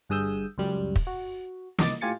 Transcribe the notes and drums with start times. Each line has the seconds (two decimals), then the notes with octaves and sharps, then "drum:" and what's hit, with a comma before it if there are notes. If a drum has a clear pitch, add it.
0.09 G1 G2 G#4 D#6 E6 G6
0.58 C#2 F#2 G3
0.96 drum: kick
1.07 F#4
1.79 C2 D#5 D6 A6, drum: snare
2.01 A2 F4 G4 G#5 A6 C#7